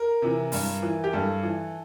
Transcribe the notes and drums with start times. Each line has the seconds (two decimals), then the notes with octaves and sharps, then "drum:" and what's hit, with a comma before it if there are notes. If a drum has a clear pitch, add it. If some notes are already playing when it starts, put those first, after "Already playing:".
Already playing: A#4
0.22 C3 E3
0.52 G2, drum: open hi-hat
0.83 E3
1.04 G4
1.13 G2 A4
1.43 E3